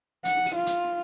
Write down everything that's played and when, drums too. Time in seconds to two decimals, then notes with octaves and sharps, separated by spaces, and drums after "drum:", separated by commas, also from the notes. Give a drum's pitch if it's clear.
0.25 F#5, drum: hi-hat
0.46 drum: open hi-hat
0.55 F4
0.66 drum: hi-hat